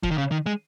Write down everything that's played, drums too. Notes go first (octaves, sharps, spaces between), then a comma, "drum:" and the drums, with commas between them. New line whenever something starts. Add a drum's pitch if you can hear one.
F3, drum: kick F1
D#3
C#3
D#3
G#3